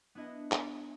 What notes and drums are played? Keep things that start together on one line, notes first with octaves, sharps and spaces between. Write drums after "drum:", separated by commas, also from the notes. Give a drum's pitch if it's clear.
B3 D4 E4 D#5 F#5
drum: clap